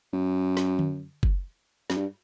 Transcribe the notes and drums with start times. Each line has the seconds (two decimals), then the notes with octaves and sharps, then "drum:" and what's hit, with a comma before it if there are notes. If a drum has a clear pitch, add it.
0.13 F#2
0.57 drum: snare
0.79 drum: tom D3
1.23 drum: kick F#1
1.90 F#2, drum: snare
1.97 G2